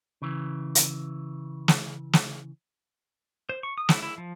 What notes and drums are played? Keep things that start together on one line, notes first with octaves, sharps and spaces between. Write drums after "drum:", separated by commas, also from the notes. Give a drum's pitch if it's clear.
C#3 E3
drum: hi-hat
drum: snare
drum: snare
C5
C#6
D#6
E4, drum: snare
E4
F3